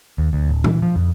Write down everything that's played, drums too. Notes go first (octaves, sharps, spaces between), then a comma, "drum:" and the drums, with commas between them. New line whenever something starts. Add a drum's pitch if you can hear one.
D#2
D2
D1
E3, drum: tom A#2
F3
F2